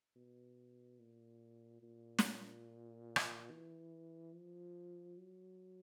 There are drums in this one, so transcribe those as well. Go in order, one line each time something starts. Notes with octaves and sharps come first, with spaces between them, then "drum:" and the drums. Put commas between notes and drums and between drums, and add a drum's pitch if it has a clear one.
B2
A#2
A#2
drum: snare
drum: rim click
E3
F3
F#3